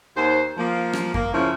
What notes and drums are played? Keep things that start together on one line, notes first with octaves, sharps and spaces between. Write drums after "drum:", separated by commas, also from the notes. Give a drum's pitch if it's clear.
D#2 C5
F3 A#3
drum: rim click
A#3, drum: kick F#2
C#3 F3 C#4 E4